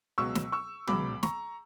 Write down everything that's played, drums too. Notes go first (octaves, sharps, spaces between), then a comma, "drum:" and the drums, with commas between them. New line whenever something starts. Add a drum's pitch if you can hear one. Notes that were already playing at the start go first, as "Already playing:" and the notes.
C#2 B2 F#3 C#6 E6
drum: snare
C#6 E6
C#2 B2 F#3 B5 D6, drum: tom
A#5 C#6, drum: snare